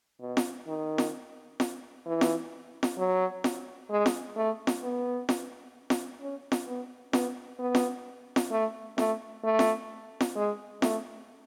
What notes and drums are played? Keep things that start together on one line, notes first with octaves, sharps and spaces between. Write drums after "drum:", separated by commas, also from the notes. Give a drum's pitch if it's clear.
B2
drum: snare
D#3
drum: snare
drum: snare
E3
drum: snare
drum: snare
F#3
drum: snare
G#3
drum: snare
A3
drum: snare
B3
drum: snare
drum: snare
C#4
drum: snare
B3
B3, drum: snare
B3
drum: snare
drum: snare
A3
A3, drum: snare
A3
drum: snare
drum: snare
G#3
A3, drum: snare